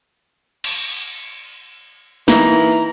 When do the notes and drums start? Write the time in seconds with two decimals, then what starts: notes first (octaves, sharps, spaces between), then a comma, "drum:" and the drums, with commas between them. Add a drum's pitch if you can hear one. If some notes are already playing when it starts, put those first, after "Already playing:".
0.64 drum: cymbal
2.28 E3 A#3 D#4 A#5, drum: snare